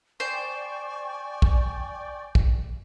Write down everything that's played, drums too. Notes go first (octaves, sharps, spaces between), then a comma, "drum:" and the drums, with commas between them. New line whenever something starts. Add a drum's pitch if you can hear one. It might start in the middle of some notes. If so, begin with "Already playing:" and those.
C5 D5 G5 G#5 C#6
drum: kick
drum: kick